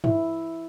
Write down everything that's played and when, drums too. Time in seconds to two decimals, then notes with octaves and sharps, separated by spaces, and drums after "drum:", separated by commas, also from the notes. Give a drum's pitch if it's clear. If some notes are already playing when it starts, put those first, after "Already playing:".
0.04 E4, drum: tom G2